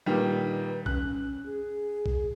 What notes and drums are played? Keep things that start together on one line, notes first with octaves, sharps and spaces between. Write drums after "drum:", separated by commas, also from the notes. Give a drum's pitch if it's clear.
A#2 D#3 G3 B4
C#4 F#6, drum: kick B1
G#4
drum: kick B1